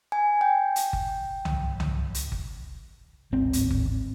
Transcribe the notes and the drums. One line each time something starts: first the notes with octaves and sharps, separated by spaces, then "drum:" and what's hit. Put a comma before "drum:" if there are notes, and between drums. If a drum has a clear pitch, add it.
G#5
G5
drum: hi-hat
drum: kick G1
drum: tom C2
drum: tom C2
drum: hi-hat
drum: kick G1
D1 G#1 C4
drum: hi-hat
drum: kick G1